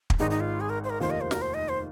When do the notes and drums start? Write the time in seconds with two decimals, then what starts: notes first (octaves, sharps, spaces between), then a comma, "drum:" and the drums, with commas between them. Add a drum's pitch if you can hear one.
0.10 drum: kick
0.19 G#1 G#2 G#3 D#4
0.30 D#4
0.40 F4
0.60 G#4
0.69 A#4
0.84 C5
0.90 A#4
1.00 F1 D#2 D#3 A#3 F4 C5
1.10 D#5
1.21 C5
1.31 A#4, drum: snare
1.42 C5
1.54 D#5
1.69 C5